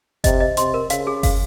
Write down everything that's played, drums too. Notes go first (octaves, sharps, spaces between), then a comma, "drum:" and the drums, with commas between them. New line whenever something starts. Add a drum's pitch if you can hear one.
C3 D#5, drum: kick F#1, hi-hat
D#5
C3 C6, drum: hi-hat
A#4
C#3 F5, drum: hi-hat
G#4
F5, drum: kick F#1, open hi-hat